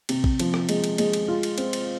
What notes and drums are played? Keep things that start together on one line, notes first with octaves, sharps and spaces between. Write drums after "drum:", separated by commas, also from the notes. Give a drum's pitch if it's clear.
C3, drum: cymbal
drum: kick
F3, drum: cymbal
drum: rim click
G#3, drum: cymbal
drum: cymbal
G#3, drum: cymbal
drum: cymbal
F4
drum: cymbal
C4, drum: cymbal
drum: cymbal